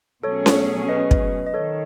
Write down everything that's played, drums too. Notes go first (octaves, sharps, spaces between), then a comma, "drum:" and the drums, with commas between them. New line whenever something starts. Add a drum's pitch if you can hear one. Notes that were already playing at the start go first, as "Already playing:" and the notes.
B2 F#3 A3 C#4 G#4 A4 C#5
drum: snare C#4
B4 D#5
drum: kick
D#5
D#3 A4 C#5